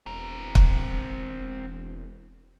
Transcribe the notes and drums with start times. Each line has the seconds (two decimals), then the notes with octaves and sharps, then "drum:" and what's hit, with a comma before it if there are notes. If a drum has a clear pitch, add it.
0.06 E1 C4 A#4
0.55 drum: kick